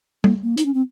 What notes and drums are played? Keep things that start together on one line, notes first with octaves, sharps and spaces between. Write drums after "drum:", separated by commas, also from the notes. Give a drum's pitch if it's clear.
A#3, drum: tom
A#3
D#4, drum: hi-hat
C#4
C4